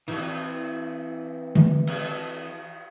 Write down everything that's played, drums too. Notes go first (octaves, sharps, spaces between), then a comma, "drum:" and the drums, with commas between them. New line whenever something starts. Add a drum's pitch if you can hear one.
E3 C4, drum: cymbal
drum: tom D3
drum: cymbal